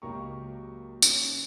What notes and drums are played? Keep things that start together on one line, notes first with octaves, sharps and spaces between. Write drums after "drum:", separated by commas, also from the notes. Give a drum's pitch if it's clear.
C#2 F#3 A#3 G4 A#5 C#6
C#4, drum: tambourine